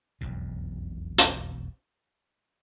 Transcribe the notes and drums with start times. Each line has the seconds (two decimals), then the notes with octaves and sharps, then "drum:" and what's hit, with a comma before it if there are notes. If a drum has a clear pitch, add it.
0.21 E1 B1 F2 B2
1.18 drum: hi-hat